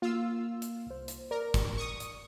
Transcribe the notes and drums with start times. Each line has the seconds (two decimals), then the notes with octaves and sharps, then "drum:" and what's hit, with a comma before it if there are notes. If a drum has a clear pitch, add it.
0.02 A#3 F4 E6
0.62 drum: hi-hat
0.86 C2 C5
1.08 drum: hi-hat
1.31 A#4 D5
1.54 drum: kick, hi-hat
1.77 C#6 D#6
2.00 drum: hi-hat